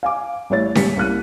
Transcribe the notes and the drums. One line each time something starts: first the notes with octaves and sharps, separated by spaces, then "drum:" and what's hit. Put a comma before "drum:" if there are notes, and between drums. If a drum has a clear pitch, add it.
F5 G#5 D6
A1 G3 E4 C#5 A6
D#1 G3 B6 C#7, drum: snare C#4
C2 A#3 F#6 D#7